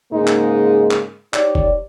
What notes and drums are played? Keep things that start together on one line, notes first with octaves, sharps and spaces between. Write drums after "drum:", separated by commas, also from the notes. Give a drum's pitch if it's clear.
G#2 C#3 G#3 A#3 D#4
drum: clap
drum: clap
D#4 G4 C#5 D5, drum: clap
drum: kick